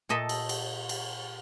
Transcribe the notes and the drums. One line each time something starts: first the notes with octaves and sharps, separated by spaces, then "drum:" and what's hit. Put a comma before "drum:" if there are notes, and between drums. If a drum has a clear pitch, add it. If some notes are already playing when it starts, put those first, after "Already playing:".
A#2 A4 D#5 E5
drum: cymbal
drum: cymbal
drum: cymbal